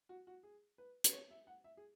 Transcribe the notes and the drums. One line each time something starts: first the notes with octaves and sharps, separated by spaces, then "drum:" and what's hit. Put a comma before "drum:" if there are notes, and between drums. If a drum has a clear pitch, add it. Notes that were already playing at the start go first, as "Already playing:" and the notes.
F#4
F#4
G#4
B4
B4, drum: hi-hat
C#5
E5
F#5
E5
G#4